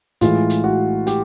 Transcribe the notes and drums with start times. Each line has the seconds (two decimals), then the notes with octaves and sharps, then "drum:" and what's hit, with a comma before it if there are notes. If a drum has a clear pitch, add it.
0.21 A2 E3 G#3 F4, drum: hi-hat
0.50 drum: hi-hat
0.64 F#4
1.07 G4, drum: hi-hat